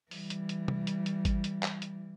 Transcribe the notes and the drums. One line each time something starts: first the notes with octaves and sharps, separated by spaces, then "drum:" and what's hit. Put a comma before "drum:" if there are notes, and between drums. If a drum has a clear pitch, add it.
E3 G3, drum: open hi-hat
drum: hi-hat
drum: hi-hat
drum: tom C3
drum: hi-hat
drum: hi-hat
drum: kick G#1, hi-hat
drum: hi-hat
drum: clap
drum: hi-hat